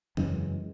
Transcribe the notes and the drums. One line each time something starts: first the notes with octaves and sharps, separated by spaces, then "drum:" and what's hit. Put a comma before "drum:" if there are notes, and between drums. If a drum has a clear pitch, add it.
F#2 C#3 E3 G#3, drum: tom E2